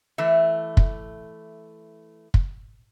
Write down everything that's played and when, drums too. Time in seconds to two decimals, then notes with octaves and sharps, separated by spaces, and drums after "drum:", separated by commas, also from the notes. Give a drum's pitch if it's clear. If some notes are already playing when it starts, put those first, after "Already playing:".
0.18 E3 A3 E5
0.77 drum: kick
2.34 drum: kick